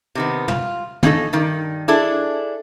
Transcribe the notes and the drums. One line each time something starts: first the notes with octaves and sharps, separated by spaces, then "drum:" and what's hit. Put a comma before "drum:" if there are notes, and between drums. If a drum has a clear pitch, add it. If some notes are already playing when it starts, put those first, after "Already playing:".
C3 D#3 B3
F4, drum: tom
F3 C#4 D#4 A4, drum: tom
G2 D#3
D4 E4 G#4 A4